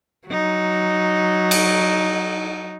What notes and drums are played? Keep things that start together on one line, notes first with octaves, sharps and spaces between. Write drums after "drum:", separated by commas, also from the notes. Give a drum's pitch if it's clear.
F#3 D#4
drum: cymbal